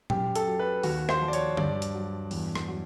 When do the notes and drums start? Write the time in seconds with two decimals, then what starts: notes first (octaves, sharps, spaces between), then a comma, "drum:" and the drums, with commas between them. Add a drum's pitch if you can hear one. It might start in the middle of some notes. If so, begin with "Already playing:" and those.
0.10 F#2 G4, drum: tom A#2
0.35 A4, drum: hi-hat
0.47 F#3
0.59 B4
0.83 D#2 F#4, drum: open hi-hat
1.09 C5, drum: rim click
1.21 F3
1.28 D5
1.33 C#5, drum: hi-hat
1.57 G2 D5, drum: tom D3
1.82 drum: hi-hat
1.94 F#3
2.31 E2, drum: open hi-hat
2.55 drum: rim click
2.68 F#3